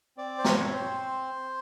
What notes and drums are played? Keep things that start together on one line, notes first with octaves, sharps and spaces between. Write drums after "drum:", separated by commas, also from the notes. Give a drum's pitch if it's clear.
C4 D5
C5
C#5, drum: snare
C4
C5